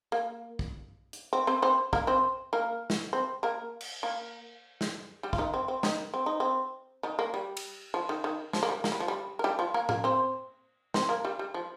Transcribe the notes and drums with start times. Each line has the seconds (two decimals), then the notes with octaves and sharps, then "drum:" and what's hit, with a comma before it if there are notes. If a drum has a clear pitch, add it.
0.12 A#3
0.59 drum: kick
1.13 drum: hi-hat
1.33 C4
1.47 C4 C5
1.62 C4 C5
1.93 A#3 A#4, drum: kick
2.07 C4 C5
2.53 A#3 A#4
2.90 drum: snare
3.13 C4 C5
3.43 A#3 A#4
3.81 drum: cymbal
4.03 A#3 A#4
4.81 drum: snare
5.23 G3 G4
5.33 F4, drum: kick
5.38 D#3 D#4
5.54 C4
5.68 C4
5.83 D#3 D#4, drum: snare
6.14 C4
6.26 D#4
6.40 C4
7.03 D#3 D#4
7.19 A#3
7.34 G3
7.57 drum: cymbal
7.94 F3
8.09 D#3
8.24 D#3
8.53 F3, drum: snare
8.63 A#3
8.69 G3
8.84 A#3, drum: snare
8.92 G3
9.00 F3
9.08 G3
9.39 A#4
9.44 G3 G4
9.59 F3 F4
9.74 A#3 A#4
9.89 A#3 A#4, drum: tom A2
10.04 C4 C5
10.94 C4 C5, drum: snare
11.09 A#3 A#4
11.25 G3 G4
11.39 G3
11.54 F3